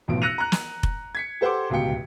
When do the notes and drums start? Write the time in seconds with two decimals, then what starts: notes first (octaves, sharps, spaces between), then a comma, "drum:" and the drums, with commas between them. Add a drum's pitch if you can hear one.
0.08 E1 B1 F2 A2 B3 D7
0.22 E6 F#6 A#6 C#7 D#7 F7
0.38 A#5 F#6
0.52 drum: snare
0.83 drum: kick F1
1.15 G#6 B6 C#7
1.41 G4 A4 C5 F#5 C6 D6
1.70 D1 C#2 B2 G4 G5 C#7